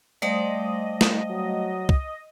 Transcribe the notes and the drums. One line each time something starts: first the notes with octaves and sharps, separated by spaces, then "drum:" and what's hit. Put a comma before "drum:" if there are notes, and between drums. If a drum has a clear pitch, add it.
G3 A3 C5 D5 D#5 F5
drum: snare
F#3
drum: kick